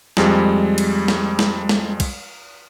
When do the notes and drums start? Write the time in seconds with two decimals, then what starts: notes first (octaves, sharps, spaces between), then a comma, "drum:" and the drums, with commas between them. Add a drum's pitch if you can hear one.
0.17 F2 G3 G#3, drum: snare
0.78 drum: cymbal
1.08 drum: snare
1.39 drum: snare
1.69 drum: snare
2.00 drum: kick, cymbal